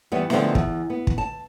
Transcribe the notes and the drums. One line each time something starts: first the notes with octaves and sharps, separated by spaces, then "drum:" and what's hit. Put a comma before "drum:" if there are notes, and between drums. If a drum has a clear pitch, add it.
E2 G3 B3
D3 D#3 F3 G#3 A3 B3, drum: snare
E2, drum: kick
B3
drum: kick
A5